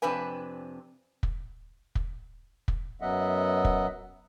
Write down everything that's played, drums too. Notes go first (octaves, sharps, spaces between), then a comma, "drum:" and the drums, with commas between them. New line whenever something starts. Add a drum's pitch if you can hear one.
F2 C3 C4 D4 B4 G#5
drum: kick
drum: kick
drum: kick
F#2 F#3 B3 D#5 E5 F#5
drum: kick